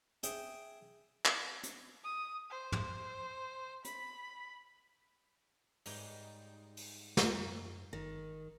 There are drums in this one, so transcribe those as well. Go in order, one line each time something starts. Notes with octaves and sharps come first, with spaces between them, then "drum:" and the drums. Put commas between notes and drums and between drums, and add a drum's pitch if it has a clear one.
G#4 E5 G5 G#5, drum: hi-hat
drum: clap
drum: hi-hat
D#6
C5
drum: tom
B5, drum: hi-hat
G#2 G3 D#4, drum: open hi-hat
drum: open hi-hat
drum: snare
F#2
G1 D#3